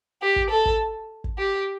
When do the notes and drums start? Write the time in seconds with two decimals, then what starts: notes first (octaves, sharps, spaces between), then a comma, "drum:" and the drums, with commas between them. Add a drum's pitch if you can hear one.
0.22 G4
0.36 drum: kick
0.50 A4
0.66 drum: kick
1.24 drum: kick
1.38 G4